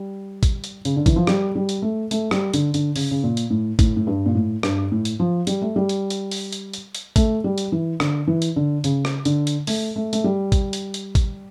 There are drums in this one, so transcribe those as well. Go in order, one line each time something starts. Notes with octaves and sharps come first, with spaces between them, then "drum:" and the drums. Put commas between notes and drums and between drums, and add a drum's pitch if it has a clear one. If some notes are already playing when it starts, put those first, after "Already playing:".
Already playing: G3
drum: kick A1, hi-hat
drum: hi-hat
C#3, drum: hi-hat
D3
E3, drum: kick A1, hi-hat
F3
G3, drum: rim click
G3
drum: hi-hat
A3
A3, drum: hi-hat
G3, drum: rim click
D3, drum: hi-hat
D3, drum: hi-hat
C#3, drum: open hi-hat
C#3
A#2
drum: hi-hat
A2
A2, drum: kick A1, hi-hat
A2
G2
A#2
A2
G2, drum: rim click
A2
drum: hi-hat
F3
G3, drum: hi-hat
A3
G3
drum: hi-hat
drum: hi-hat
drum: open hi-hat
drum: hi-hat
drum: hi-hat
drum: hi-hat
A3, drum: kick A1, hi-hat
G3
drum: hi-hat
E3
D3, drum: rim click
E3
drum: hi-hat
D3
C#3, drum: hi-hat
drum: rim click
D3, drum: hi-hat
drum: hi-hat
A3, drum: open hi-hat
A3
A3, drum: hi-hat
G3
drum: kick A1, hi-hat
drum: hi-hat
drum: hi-hat
drum: kick A1, hi-hat